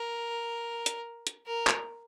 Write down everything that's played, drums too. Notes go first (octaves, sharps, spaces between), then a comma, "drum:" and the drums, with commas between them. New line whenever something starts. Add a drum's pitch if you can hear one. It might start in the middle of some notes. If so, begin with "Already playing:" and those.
Already playing: A#4
drum: hi-hat
drum: hi-hat
A#4
drum: clap